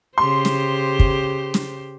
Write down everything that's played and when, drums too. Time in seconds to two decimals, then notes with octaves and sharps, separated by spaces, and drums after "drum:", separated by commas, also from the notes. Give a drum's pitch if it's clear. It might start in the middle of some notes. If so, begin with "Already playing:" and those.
0.18 C#3 G4 C5 C6
0.45 drum: snare
0.99 drum: kick
1.54 drum: snare